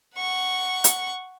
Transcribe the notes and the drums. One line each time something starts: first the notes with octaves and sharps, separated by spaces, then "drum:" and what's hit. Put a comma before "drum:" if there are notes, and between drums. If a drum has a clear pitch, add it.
F#5 C#6
drum: hi-hat